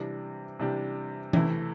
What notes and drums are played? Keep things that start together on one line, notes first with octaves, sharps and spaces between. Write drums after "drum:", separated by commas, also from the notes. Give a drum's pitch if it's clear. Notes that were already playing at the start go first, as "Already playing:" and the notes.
Already playing: C3 E3 G3 D4 G4
C3 E3 G3 D4 G4
C3 E3 A3 E4, drum: tom E3